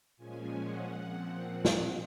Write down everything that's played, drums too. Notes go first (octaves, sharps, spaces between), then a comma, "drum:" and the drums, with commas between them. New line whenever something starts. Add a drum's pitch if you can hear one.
A#2 F3 G#3 C#4 G#5
F#5
A#2 F3 C4
F#5
drum: snare